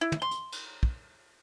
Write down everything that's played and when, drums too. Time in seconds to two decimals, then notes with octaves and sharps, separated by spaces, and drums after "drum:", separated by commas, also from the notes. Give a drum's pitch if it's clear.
0.01 E4
0.12 drum: tom
0.22 C6
0.31 drum: hi-hat
0.52 drum: cymbal
0.83 drum: kick